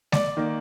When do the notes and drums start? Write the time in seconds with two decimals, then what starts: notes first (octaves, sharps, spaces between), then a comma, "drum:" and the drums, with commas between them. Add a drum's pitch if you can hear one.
0.12 D5, drum: snare G#3
0.37 D#3 A#3